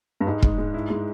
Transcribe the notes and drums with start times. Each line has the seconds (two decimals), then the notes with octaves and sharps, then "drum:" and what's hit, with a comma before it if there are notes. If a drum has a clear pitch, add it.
0.21 G2
0.27 G#2 G#3
0.43 G#3, drum: kick
0.58 G#3
0.74 E4
0.90 G#3